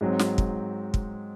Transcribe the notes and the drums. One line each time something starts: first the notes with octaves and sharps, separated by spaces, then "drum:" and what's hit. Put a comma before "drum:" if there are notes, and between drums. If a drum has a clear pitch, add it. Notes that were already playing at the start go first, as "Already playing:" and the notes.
G#2 F#3 C4
drum: snare
drum: kick
drum: kick